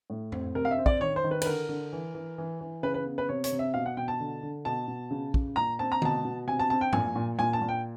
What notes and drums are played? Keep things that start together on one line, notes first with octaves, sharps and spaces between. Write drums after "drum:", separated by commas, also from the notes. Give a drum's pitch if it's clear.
A2
C4, drum: tom F2
C3 A#4
F5
E5
C4
D5, drum: kick
D#3 C#5
C5
D#3
B4
B4, drum: cymbal
D3 A#4
D3
E3
E3
E3
E3
C#3 B4
B4
B3
B4
C3 C#5
C#5, drum: hi-hat
C3
E5
B2 F5
F#5
B2 G5
A5
D3
D3
B2 A5
B2
C#3
C#3, drum: kick
A#2 A#5
C4 A5
A#5
B2 A5, drum: tom D3
B2
C3 G#5
A5
C4 A5
G5
A#2 G#5, drum: tom G2
A#2
A#2 G#5
A5
A#2
G5